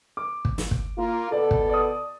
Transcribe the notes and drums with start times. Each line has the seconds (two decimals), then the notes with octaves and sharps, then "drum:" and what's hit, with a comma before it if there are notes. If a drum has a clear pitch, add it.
0.17 D6
0.45 drum: kick
0.58 drum: snare
0.71 drum: kick
0.98 A#3 F4
1.32 B2 B3 A4 D5
1.51 drum: kick
1.69 D5 D#6